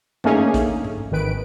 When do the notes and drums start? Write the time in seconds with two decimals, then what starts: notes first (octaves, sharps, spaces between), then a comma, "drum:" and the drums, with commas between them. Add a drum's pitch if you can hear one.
0.24 D3 A3 A#3 C#4 D#4 G#4, drum: tom G2
0.54 drum: kick, hi-hat
0.84 drum: tom G#2
1.11 G#1 D#3 B4 D7